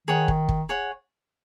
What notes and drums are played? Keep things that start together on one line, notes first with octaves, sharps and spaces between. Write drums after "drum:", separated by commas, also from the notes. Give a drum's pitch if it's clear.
D#3 G#4 C#5 F#5
drum: kick
drum: kick
G#4 C#5 F#5